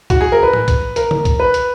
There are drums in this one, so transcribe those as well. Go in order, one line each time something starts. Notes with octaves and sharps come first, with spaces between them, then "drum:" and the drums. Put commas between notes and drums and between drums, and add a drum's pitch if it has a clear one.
F#4, drum: kick A#1, hi-hat
G#4
A#4
B4
drum: tom
drum: kick A#1, hi-hat
A#4, drum: hi-hat
drum: tom
drum: kick A#1, hi-hat
B4
drum: hi-hat